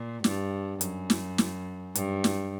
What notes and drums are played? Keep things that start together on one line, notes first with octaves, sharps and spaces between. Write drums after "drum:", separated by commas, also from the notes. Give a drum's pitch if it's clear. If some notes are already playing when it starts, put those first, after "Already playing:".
Already playing: A#2
G2, drum: snare
F#2, drum: hi-hat
drum: snare
drum: snare
G2, drum: hi-hat
drum: snare